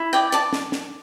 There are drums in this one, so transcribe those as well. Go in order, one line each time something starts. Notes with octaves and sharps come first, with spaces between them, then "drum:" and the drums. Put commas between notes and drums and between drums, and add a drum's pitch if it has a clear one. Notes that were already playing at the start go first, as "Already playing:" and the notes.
Already playing: E4
D5 G5
D5 A5, drum: hi-hat
drum: snare
drum: snare